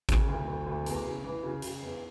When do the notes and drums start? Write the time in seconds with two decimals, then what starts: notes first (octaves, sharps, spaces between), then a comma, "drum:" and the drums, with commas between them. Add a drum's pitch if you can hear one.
0.09 C#3, drum: kick, hi-hat
0.29 D2
0.48 D2
0.67 D2
0.86 E2, drum: hi-hat
1.05 C#3
1.24 E3
1.43 C#3
1.62 C#3, drum: hi-hat
1.82 E2